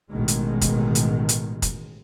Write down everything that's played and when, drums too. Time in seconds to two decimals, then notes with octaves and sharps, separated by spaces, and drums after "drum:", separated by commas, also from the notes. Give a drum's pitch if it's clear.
0.11 A1 B2 D#3 G#3
0.28 drum: hi-hat
0.61 drum: kick, hi-hat
0.95 drum: hi-hat
1.29 drum: hi-hat
1.62 drum: kick, hi-hat